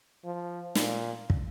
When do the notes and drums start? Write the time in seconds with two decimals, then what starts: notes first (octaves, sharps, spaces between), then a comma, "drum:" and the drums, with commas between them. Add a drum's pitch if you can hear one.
0.24 F3
0.75 A#2, drum: snare
1.30 drum: kick